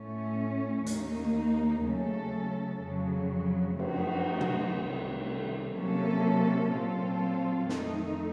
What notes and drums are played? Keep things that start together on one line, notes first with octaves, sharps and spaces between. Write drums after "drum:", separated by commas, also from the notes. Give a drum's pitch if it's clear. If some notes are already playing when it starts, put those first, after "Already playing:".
Already playing: A2 A3 C#4
D#2 D#3 A#3 D#4, drum: hi-hat
C#3 F#3 A3 C#4 A4
F2 C#3 F#3
F#2 F3 A3 D#4 F#4, drum: cymbal
drum: tom
C2 C3 D#3 A3
C3 F#3 A#3 C#4 A4
A#2 F#3 C4 F4 A4
F2 D#3 A3 D#4, drum: snare